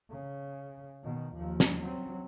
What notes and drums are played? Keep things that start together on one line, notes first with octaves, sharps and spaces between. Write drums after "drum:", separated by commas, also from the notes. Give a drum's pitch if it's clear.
C#3
B2 D#3
D#2 F3
drum: snare
F#3 C4